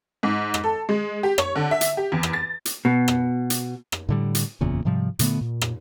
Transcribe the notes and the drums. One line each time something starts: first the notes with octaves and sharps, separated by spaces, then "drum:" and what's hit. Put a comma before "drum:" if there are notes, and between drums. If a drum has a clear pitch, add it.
G#2
drum: rim click
A4
G#3
G4
C#5, drum: rim click
D3
E5
drum: hi-hat
G4
E2
drum: rim click
A6
drum: hi-hat
B2
drum: rim click
drum: hi-hat
drum: rim click
A2 D3 G3
drum: hi-hat
F#1 E2 A#2 C#3
G#2 C3 F3 G3
A#2 D3 A3 B3, drum: hi-hat
A#2
drum: rim click